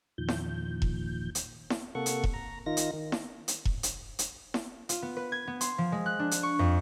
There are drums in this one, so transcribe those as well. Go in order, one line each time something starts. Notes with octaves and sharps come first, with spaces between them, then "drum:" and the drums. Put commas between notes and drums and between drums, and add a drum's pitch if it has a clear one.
E2 A#2 D#3 F3 G6
drum: snare E4
drum: kick E1
drum: hi-hat
drum: snare E4
C3 A#3 A4 F#5 C#6
drum: hi-hat
drum: kick E1
A#5
D#3 D#4 F4 A#6
drum: hi-hat
D#3
drum: snare E4
drum: hi-hat
drum: kick E1
drum: hi-hat
drum: hi-hat
drum: snare E4
F4, drum: hi-hat
B3
B4
G#6
B3
C6, drum: hi-hat
F3
G#3
F#6
D4
drum: hi-hat
C#6
F2